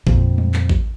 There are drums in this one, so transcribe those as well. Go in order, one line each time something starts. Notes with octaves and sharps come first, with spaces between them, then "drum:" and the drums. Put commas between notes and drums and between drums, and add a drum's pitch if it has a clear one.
F2 A#2 C4, drum: kick A1
drum: tom G3
drum: clap
drum: kick A1